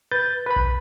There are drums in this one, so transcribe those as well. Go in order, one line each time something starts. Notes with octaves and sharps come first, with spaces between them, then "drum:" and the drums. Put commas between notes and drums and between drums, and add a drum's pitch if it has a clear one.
B4 G6 A6
B4 B5
drum: kick A#1